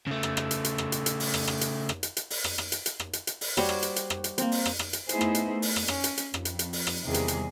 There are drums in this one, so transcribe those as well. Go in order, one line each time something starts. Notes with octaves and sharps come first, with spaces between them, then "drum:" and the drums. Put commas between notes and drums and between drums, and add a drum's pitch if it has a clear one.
C#3 A3
drum: rim click
drum: rim click
drum: hi-hat
drum: hi-hat
drum: rim click
drum: hi-hat
drum: hi-hat
drum: open hi-hat
drum: rim click
drum: rim click
drum: hi-hat
drum: rim click
drum: hi-hat
drum: hi-hat
drum: open hi-hat
drum: rim click
drum: rim click
drum: hi-hat
drum: hi-hat
drum: rim click
drum: hi-hat
drum: hi-hat
drum: open hi-hat
G3 F#4 C5 C#5, drum: rim click
drum: rim click
drum: hi-hat
drum: hi-hat
drum: rim click
drum: hi-hat
A#3 C4, drum: hi-hat
drum: open hi-hat
drum: rim click
drum: rim click
drum: hi-hat
A3 B3 D#4 E4 G#4 C5, drum: hi-hat
drum: rim click
drum: hi-hat
A3
drum: open hi-hat
drum: rim click
C#4, drum: rim click
drum: hi-hat
drum: hi-hat
F2, drum: rim click
drum: hi-hat
drum: hi-hat
drum: open hi-hat
drum: rim click
E2 C3 D#3 G3 A#3 G#4
drum: hi-hat
drum: hi-hat